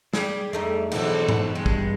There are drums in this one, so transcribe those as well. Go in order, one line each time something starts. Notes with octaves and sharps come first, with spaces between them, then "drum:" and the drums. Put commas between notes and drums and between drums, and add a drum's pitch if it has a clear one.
G3 G4 G#4, drum: snare
F2 G3 A3 D#4 A4
F2 G#2 B2 D3 E3 F#3 F#4, drum: cymbal
drum: tom G#2
G2 G#3
drum: kick